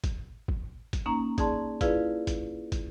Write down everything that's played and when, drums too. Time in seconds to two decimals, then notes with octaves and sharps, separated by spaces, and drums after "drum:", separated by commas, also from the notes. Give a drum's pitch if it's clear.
0.04 drum: kick, hi-hat
0.48 drum: kick
0.93 drum: kick, hi-hat
1.06 A#3 C#4 D#4 A#5
1.38 D#4 G#4 D5 A5 C6, drum: kick, hi-hat
1.81 E4 F4 G#4 B4 D5 F5, drum: kick, hi-hat
2.27 drum: kick, hi-hat
2.72 drum: kick, hi-hat